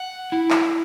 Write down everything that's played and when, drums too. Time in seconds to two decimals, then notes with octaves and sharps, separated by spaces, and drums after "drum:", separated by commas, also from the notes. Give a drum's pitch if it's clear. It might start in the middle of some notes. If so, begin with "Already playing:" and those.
Already playing: F#5
0.32 E4
0.50 drum: clap